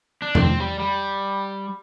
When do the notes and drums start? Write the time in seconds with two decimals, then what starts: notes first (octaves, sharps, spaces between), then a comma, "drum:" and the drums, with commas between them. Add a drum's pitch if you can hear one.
0.22 D4
0.35 A3, drum: tom E2
0.41 C4
0.60 G3
0.80 G3